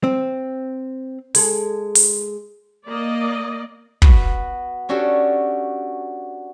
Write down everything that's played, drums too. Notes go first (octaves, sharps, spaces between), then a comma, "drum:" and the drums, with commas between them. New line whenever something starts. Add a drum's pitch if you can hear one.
C4
G#3 G#4 A4, drum: open hi-hat
drum: open hi-hat
A#3 D5 D#5
B3 F#4 B4, drum: kick
C#4 D4 F#4 G4 A4 C#5